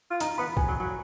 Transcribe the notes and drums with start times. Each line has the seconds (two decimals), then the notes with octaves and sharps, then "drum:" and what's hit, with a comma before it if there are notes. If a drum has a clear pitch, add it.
0.11 F4
0.20 D#4 A#5, drum: hi-hat
0.38 B3 B5
0.57 G#5, drum: kick B1
0.68 F#3
0.80 F#3